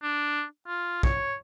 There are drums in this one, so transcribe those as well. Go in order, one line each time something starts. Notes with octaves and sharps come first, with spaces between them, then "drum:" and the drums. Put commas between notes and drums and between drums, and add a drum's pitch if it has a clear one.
D4
F4
C#5, drum: kick